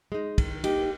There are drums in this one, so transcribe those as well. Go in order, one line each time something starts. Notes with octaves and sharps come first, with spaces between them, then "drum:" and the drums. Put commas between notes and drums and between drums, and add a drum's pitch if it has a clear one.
G#3 D#4
D#3, drum: kick, cymbal
A#3 D#4 G4, drum: cymbal